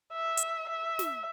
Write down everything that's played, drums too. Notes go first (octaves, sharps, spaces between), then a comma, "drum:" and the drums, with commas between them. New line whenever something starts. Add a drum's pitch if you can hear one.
E5
drum: hi-hat
E5
drum: snare